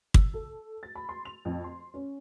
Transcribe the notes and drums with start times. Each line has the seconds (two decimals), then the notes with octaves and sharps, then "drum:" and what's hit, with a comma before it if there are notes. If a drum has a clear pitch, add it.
0.14 E6, drum: kick
0.34 A4
0.83 A6
0.95 B5
1.09 C6
1.25 F7
1.45 F2
1.64 C6
1.94 C#4